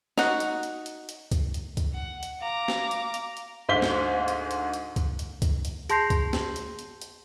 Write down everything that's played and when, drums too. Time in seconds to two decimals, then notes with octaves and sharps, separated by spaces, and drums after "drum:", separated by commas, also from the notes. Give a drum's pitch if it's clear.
0.18 D#4 F#4, drum: snare
0.40 drum: hi-hat
0.63 drum: hi-hat
0.86 drum: hi-hat
1.09 drum: hi-hat
1.32 drum: kick C#2, hi-hat
1.54 drum: hi-hat
1.77 drum: kick C#2, hi-hat
1.94 F#5
2.23 drum: hi-hat
2.41 F5 A#5 D6
2.68 drum: snare
2.91 drum: hi-hat
3.14 drum: hi-hat
3.37 drum: hi-hat
3.69 D2 G#2 C5 F5 B6 G7
3.82 drum: snare
4.28 drum: hi-hat
4.51 drum: hi-hat
4.74 drum: hi-hat
4.96 drum: kick C#2, hi-hat
5.19 drum: hi-hat
5.42 drum: kick C#2, hi-hat
5.65 drum: hi-hat
5.90 G#4 A5 C6 G6 A#6 C7, drum: hi-hat
6.10 drum: kick C#2, hi-hat
6.33 drum: snare
6.56 drum: hi-hat
6.79 drum: hi-hat
7.01 drum: hi-hat